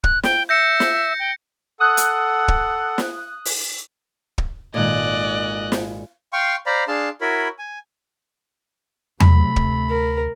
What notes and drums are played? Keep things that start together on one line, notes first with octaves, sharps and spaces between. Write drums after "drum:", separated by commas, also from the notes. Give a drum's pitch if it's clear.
F#6, drum: kick
G5, drum: snare
E5 G6 A#6 C#7
drum: snare
G5
A4 F#5 D#6 F#6
drum: hi-hat
drum: kick
drum: snare
drum: open hi-hat
drum: kick
G#1 A#2 A4 D5 D#5 F#6 G#6
drum: snare
F5 G5 C6 C#6
C5 D5 F5 A#5 B5
D4 G#4 F5 A5 C6
E4 F#4 A#4 C#5 B5
G#5
C3 F#3 A3 B5, drum: tom E2
D2, drum: kick
A#4